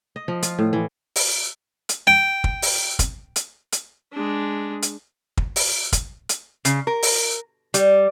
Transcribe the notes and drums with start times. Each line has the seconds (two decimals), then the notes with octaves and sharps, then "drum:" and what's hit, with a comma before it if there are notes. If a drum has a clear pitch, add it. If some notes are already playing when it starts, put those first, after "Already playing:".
0.16 D#5
0.28 F3
0.43 F4, drum: hi-hat
0.59 A2
0.73 E3
1.16 drum: open hi-hat
1.89 drum: hi-hat
2.07 G5
2.44 drum: kick
2.62 drum: open hi-hat
2.99 drum: kick, hi-hat
3.36 drum: hi-hat
3.72 drum: hi-hat
4.13 G#3 D4
4.82 drum: hi-hat
5.37 drum: kick
5.56 drum: open hi-hat
5.92 drum: kick, hi-hat
6.29 drum: hi-hat
6.65 C#3, drum: hi-hat
6.87 A#4
7.03 drum: open hi-hat
7.74 G3, drum: hi-hat